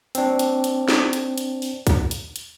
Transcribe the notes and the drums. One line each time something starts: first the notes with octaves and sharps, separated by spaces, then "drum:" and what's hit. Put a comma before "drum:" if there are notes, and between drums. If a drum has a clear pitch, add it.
C4 D4, drum: hi-hat
drum: hi-hat
drum: hi-hat
drum: snare
drum: hi-hat
drum: hi-hat
drum: open hi-hat
drum: kick, hi-hat
drum: hi-hat
drum: hi-hat